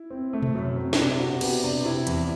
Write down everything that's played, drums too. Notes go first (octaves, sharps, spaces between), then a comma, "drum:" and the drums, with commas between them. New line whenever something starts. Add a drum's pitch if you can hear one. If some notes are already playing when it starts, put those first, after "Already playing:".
Already playing: E4
C4
A3
drum: tom B2
F#2
C4
E4, drum: snare
C3 D4
C3 F#4
B3 G4, drum: cymbal
C3 D4
C3 E4
E2, drum: hi-hat